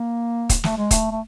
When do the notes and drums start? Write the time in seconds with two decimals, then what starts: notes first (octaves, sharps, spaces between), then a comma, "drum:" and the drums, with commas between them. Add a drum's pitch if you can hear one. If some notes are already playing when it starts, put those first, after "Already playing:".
Already playing: A#3
0.50 drum: kick, hi-hat
0.64 A3, drum: snare
0.77 G#3
0.91 A3, drum: kick, hi-hat
1.11 A3